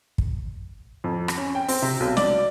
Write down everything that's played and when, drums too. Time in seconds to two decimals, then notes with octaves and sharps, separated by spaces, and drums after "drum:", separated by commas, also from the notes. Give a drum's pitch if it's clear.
0.18 drum: kick
1.04 F2
1.28 drum: rim click
1.37 C#4
1.55 G5
1.68 C4, drum: open hi-hat
1.82 C3
2.00 B1
2.17 D5, drum: snare